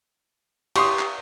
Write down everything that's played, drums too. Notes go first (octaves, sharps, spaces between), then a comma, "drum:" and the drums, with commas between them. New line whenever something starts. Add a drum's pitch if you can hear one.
G4 C6 C#6 D#6, drum: cymbal
drum: clap